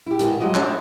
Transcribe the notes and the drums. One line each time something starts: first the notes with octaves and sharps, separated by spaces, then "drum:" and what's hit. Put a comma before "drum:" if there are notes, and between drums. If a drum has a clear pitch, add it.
E4 G4
G#2 B2 D#3, drum: hi-hat
F3 F#3 G#3 F#4 D5 D#5
C#4 E5, drum: clap
D#4